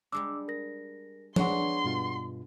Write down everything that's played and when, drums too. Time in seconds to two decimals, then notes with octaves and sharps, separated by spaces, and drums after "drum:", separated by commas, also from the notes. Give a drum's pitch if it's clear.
0.12 G3 G#3 D4 D6 E6
0.48 A#4 A#6
1.36 G#3 B3 D4 G#4 C#5 F#5 C6 C#6, drum: tom F3
1.84 G2 B2 F4